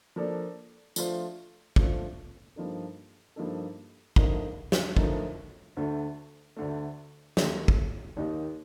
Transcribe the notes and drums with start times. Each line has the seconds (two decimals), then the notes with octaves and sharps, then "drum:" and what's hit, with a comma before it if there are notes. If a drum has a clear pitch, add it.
0.16 F3 A#3 D4 A4 D5
0.96 F3 A3 D4 F4 C5, drum: tambourine
1.76 F3 A3 D4 F4 C5, drum: kick
2.56 G2 F3 A#3 D#4 A4
3.36 G2 F3 A#3 D#4 A4
4.16 D3 F3 A3 D#4 A#4, drum: kick
4.72 drum: snare
4.97 D3 F3 A3 D#4 A#4, drum: kick
5.77 D2 D3 A3
6.57 D2 D3 A3
7.37 D#2 D#3 A#3 D#4 G4, drum: snare
7.68 drum: kick
8.17 D#2 D#3 A#3 D#4 G4